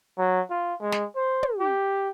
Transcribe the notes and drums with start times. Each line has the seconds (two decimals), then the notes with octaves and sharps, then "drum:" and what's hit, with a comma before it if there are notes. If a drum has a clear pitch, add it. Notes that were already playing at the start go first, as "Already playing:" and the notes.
0.18 F#3
0.50 F4
0.81 G#3
0.92 drum: snare
1.16 C5
1.43 drum: tom
1.60 G4